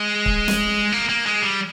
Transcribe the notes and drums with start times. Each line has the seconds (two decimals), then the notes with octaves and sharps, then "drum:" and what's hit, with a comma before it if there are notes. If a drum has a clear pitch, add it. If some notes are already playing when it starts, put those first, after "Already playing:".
Already playing: G#3
0.26 drum: kick C#1
0.48 drum: snare
0.92 A#3
1.09 A#3
1.26 G#3
1.42 G3